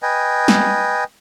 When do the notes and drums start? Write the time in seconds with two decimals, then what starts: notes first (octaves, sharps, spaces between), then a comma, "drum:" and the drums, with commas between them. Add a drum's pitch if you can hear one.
0.02 B4 D#5 G5 G#5
0.48 drum: snare